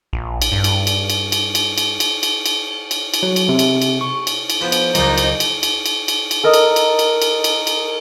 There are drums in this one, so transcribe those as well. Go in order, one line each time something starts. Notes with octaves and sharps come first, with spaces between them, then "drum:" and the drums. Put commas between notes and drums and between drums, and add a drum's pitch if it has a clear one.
A#1
drum: cymbal
G2
drum: cymbal
drum: cymbal
drum: cymbal
drum: cymbal
drum: cymbal
drum: cymbal
drum: cymbal
drum: cymbal
drum: cymbal
drum: cymbal
drum: cymbal
F#3
drum: cymbal
C3
drum: cymbal
drum: cymbal
C#6
drum: cymbal
drum: cymbal
F3 B3 C5
drum: cymbal
C#2 A#2 C#3 F#3 D4 D#4, drum: cymbal
drum: cymbal
drum: cymbal
drum: cymbal
drum: cymbal
drum: cymbal
drum: cymbal
A4 A#4 D#5
drum: cymbal
drum: cymbal
drum: cymbal
drum: cymbal
drum: cymbal
drum: cymbal